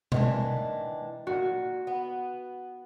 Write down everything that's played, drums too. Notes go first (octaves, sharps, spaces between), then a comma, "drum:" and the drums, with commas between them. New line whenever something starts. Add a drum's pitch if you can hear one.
D#3 E3 D4, drum: tom B2
A#2 F#4
B3